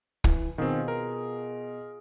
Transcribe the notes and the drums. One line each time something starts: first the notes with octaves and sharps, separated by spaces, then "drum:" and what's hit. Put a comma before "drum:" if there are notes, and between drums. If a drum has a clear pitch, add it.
E3, drum: kick
B2 D#3 C4 F4 G#4
A#4